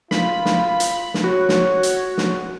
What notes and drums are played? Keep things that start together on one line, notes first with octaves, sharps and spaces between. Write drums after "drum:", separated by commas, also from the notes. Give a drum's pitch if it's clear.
F4 B5, drum: snare
drum: snare
drum: hi-hat
drum: snare
F#4 C#5
drum: snare
drum: hi-hat
drum: snare